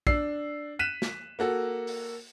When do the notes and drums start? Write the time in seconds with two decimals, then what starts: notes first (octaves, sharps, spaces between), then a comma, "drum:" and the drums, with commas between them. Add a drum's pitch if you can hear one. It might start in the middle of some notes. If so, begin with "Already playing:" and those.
0.07 D4 E6 C7, drum: kick
0.79 F#6 B6 D#7 E7
1.02 drum: snare
1.39 A#3 F#4 A4
1.87 drum: open hi-hat